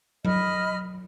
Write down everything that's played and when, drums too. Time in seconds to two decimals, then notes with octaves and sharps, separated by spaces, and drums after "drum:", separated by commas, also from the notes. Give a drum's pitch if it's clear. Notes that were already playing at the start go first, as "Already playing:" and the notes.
0.25 D#5 B5 F6, drum: tom F#3